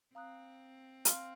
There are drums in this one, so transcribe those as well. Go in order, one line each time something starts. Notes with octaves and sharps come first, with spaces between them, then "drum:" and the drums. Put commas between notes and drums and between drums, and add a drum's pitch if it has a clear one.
C4 F5 A#5 D#6 F#6
F5 C6 F6, drum: hi-hat